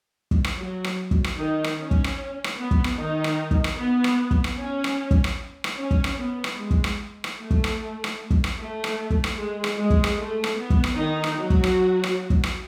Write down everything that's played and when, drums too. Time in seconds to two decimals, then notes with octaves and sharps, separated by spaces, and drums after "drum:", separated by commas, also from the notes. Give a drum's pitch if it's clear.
0.31 drum: kick
0.44 drum: rim click
0.57 F#3 F#4
0.84 drum: rim click
1.11 drum: kick
1.24 drum: rim click
1.37 D#3 D#4
1.64 drum: rim click
1.78 C#4
1.91 drum: kick
2.04 drum: rim click
2.44 drum: rim click
2.58 B3
2.71 drum: kick
2.84 drum: rim click
2.97 D#3 D#4
3.24 drum: rim click
3.51 drum: kick
3.64 drum: rim click
3.78 B3
4.04 drum: rim click
4.31 drum: kick
4.44 drum: rim click
4.58 C#4
4.84 drum: rim click
5.11 drum: kick
5.24 drum: rim click
5.64 drum: rim click
5.77 C#4
5.91 drum: kick
6.04 drum: rim click
6.17 B3
6.44 drum: rim click
6.57 G#3
6.71 drum: kick
6.84 drum: rim click
7.24 drum: rim click
7.38 A3
7.51 drum: kick
7.64 drum: rim click
8.04 drum: rim click
8.30 drum: kick
8.44 drum: rim click
8.57 A3
8.84 drum: rim click
9.10 drum: kick
9.24 drum: rim click
9.37 G#3
9.64 drum: rim click
9.77 G#3
9.90 drum: kick
10.04 drum: rim click
10.18 A3
10.44 drum: rim click
10.57 B3
10.70 drum: kick
10.84 drum: rim click
10.97 D#3 D#4
11.24 drum: rim click
11.36 F#3 F#4
11.50 drum: kick
11.64 drum: rim click
12.04 drum: rim click
12.30 drum: kick
12.43 drum: rim click